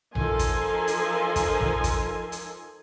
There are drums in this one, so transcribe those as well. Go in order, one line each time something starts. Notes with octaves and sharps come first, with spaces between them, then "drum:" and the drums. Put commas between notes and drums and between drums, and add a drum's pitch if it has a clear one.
F3 D#4 A4 A#4 G#5 C6, drum: tom A#1
drum: kick, hi-hat
drum: hi-hat
drum: kick, hi-hat
drum: tom A#1
drum: kick, hi-hat
drum: hi-hat